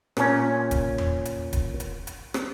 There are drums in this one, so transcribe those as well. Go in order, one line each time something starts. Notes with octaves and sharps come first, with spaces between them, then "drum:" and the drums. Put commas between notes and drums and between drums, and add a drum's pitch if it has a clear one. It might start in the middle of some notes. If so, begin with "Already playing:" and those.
A#2 C#4, drum: rim click
drum: kick E1, hi-hat
drum: tom E2
drum: hi-hat
drum: kick E1, hi-hat
drum: hi-hat
drum: hi-hat
drum: rim click